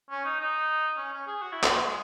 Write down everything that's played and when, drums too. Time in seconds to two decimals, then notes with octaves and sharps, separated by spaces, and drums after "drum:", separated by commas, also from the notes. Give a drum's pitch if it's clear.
0.10 C#4
0.25 D#4
0.40 D#4
0.97 C#4
1.13 C#4
1.27 G#4
1.42 F#4
1.52 E4
1.64 F#3, drum: clap
1.75 F#3
1.85 G#3